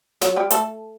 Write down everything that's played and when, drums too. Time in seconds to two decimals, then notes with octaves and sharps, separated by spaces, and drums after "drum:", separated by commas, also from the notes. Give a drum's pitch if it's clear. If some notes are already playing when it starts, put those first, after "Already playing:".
0.21 F#3 F#4, drum: snare
0.36 G3 G4
0.51 A3 A4, drum: hi-hat